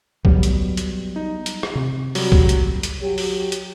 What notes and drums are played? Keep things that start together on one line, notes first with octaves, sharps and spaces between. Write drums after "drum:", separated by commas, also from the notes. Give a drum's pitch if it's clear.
F#3 G3 B3, drum: kick B1
drum: hi-hat
drum: hi-hat
D#4
drum: hi-hat
drum: rim click
C3
F#3 G3, drum: open hi-hat
drum: kick B1
drum: hi-hat
drum: hi-hat
F#3 G4
drum: open hi-hat
drum: hi-hat